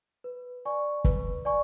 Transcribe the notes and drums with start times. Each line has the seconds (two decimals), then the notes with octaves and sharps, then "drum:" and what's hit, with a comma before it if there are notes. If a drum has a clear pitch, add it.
0.24 B4
0.65 D5 G#5 C#6
1.05 B4, drum: kick
1.45 D5 G#5 C#6